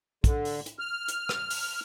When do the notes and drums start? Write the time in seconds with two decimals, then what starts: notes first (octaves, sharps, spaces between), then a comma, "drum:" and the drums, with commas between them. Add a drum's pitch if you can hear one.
0.24 D3, drum: kick, hi-hat
0.45 drum: open hi-hat
0.66 drum: hi-hat
0.79 F6
1.08 drum: hi-hat
1.29 drum: rim click
1.50 drum: open hi-hat